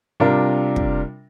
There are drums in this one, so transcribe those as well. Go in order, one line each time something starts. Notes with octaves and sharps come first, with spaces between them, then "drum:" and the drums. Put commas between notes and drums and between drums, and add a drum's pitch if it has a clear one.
C3 G3 D4 F4 A#4
drum: kick